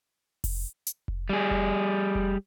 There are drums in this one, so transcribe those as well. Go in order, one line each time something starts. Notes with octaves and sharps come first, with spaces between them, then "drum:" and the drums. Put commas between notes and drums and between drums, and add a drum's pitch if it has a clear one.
drum: kick F1, open hi-hat
drum: hi-hat
drum: kick F1
G3 G#4
drum: kick F1
drum: kick F1